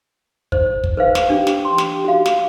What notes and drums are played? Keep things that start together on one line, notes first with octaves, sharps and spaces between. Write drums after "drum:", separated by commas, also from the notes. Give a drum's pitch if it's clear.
C5, drum: kick
drum: kick
B4 C5 F5
drum: snare
D4 G4
drum: snare
C6
drum: snare
F#4 F5
drum: snare